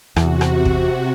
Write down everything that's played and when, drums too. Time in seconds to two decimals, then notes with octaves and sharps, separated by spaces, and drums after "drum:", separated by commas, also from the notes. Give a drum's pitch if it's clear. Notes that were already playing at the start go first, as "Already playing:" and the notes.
0.16 E2 C3 F#4, drum: rim click
0.41 drum: rim click
0.65 drum: kick